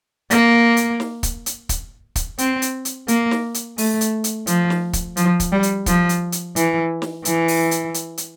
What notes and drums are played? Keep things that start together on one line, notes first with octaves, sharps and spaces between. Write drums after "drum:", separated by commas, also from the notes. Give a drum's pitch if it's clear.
A#3, drum: hi-hat
drum: hi-hat
drum: snare
drum: kick, hi-hat
drum: hi-hat
drum: kick, hi-hat
drum: kick, hi-hat
C4, drum: hi-hat
drum: hi-hat
drum: hi-hat
A#3, drum: hi-hat
drum: snare
drum: hi-hat
A3, drum: open hi-hat
drum: hi-hat
drum: hi-hat
F3, drum: hi-hat
drum: snare
drum: kick, hi-hat
F3, drum: hi-hat
drum: kick, hi-hat
G3
drum: hi-hat
F3, drum: kick, hi-hat
drum: hi-hat
drum: hi-hat
E3, drum: hi-hat
drum: snare
E3, drum: hi-hat
drum: open hi-hat
drum: hi-hat
drum: hi-hat
drum: hi-hat